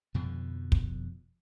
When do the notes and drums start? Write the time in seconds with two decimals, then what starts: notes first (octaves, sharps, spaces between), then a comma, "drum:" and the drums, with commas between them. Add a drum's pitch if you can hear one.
0.14 F2 B2 D3 F3
0.72 drum: kick